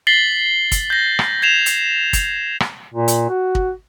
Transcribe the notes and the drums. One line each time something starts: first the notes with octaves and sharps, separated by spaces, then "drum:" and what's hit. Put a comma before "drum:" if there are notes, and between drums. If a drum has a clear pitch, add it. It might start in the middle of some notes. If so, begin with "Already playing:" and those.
A6 B6 C7 F#7 G7
drum: kick, hi-hat
G6 A#6
drum: rim click
G#6 C7 E7 F7
drum: hi-hat
drum: kick, hi-hat
drum: rim click
A#2
drum: hi-hat
F#4
drum: kick